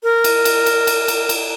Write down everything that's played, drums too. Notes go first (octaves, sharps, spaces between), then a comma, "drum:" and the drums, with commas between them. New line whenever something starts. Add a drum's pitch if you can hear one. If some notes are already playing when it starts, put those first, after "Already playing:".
A#4
drum: cymbal
drum: cymbal
drum: cymbal
drum: cymbal
drum: cymbal
drum: cymbal